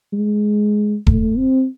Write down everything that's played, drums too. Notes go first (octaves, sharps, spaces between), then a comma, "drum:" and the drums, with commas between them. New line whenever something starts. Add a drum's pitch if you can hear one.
G#3
A3, drum: kick E1
C4